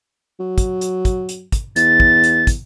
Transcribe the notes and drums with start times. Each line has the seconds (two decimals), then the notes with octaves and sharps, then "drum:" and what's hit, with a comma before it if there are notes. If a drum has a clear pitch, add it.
0.40 F#3
0.58 drum: kick, hi-hat
0.81 drum: hi-hat
1.05 drum: kick, hi-hat
1.29 drum: hi-hat
1.52 drum: kick, hi-hat
1.76 E2 A6, drum: hi-hat
2.00 drum: kick
2.23 drum: hi-hat
2.47 drum: kick, hi-hat